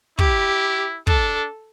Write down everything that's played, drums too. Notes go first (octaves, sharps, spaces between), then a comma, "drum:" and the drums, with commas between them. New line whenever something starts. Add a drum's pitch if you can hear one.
E4 G4, drum: kick
D4 A4, drum: kick